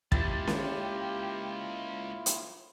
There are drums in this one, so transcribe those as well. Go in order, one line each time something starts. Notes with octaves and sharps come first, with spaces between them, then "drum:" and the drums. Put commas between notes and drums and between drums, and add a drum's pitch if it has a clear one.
C#2 A#3 E4 F4 G4 A6, drum: kick
drum: snare C#4
drum: hi-hat